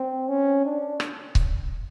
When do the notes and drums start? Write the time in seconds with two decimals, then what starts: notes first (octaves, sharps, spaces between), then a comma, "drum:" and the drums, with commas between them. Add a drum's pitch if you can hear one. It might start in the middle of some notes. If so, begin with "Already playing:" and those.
Already playing: C4
0.28 C#4
0.65 D4
1.00 drum: rim click
1.35 drum: kick C#1